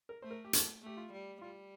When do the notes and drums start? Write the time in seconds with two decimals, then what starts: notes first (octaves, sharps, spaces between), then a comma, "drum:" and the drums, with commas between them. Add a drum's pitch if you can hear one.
0.09 A#4
0.22 A3 C5
0.31 A#4
0.45 G4
0.53 A4, drum: hi-hat
0.82 A3 G4
0.97 F4
1.12 G3
1.41 G3 F4